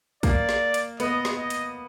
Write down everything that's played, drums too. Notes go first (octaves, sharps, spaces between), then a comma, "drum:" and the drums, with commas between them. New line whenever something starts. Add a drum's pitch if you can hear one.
A#3 D5, drum: kick, hi-hat
drum: snare
drum: hi-hat
B3 D#5, drum: hi-hat
drum: snare
D#5
drum: hi-hat